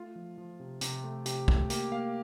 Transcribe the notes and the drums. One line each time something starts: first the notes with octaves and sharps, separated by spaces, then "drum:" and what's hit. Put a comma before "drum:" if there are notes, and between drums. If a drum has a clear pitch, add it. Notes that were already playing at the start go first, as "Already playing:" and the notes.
Already playing: A3 F4
F3
F3
C3
C3 G4, drum: hi-hat
A3
C3 G4, drum: hi-hat
A3, drum: kick
A#3 G4, drum: hi-hat
A#3 F5